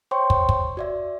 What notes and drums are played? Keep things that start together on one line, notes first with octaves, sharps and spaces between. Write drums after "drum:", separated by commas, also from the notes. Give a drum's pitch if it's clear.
C5 C#5 G5 C6 C#6
drum: kick
drum: kick
F#4 D5 E5